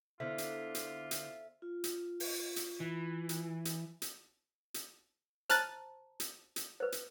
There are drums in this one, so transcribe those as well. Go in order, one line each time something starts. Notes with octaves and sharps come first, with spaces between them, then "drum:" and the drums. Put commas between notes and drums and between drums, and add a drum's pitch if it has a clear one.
D3 B3 E4 F4 C5 E5
drum: hi-hat
drum: hi-hat
drum: hi-hat
F4
drum: hi-hat
drum: open hi-hat
drum: hi-hat
E3
drum: hi-hat
drum: hi-hat
drum: hi-hat
drum: hi-hat
C5 A5 A#5 F6 F#6 A6, drum: hi-hat
drum: hi-hat
drum: hi-hat
B4 C5
drum: hi-hat